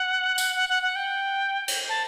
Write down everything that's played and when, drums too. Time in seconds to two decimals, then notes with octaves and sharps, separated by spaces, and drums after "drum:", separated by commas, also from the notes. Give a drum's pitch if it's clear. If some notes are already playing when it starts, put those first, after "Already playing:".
Already playing: F#5
0.38 drum: tambourine
0.56 F#5
0.69 F#5
0.83 F#5
0.96 G5
1.68 drum: cymbal
1.89 A5